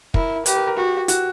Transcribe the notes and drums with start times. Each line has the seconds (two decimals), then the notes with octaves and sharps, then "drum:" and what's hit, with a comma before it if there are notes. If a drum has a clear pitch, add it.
0.14 E4 A#4, drum: kick
0.46 G4 B4, drum: hi-hat
0.56 A#4
0.67 A#4
0.77 F#4 G4
1.08 F#4, drum: hi-hat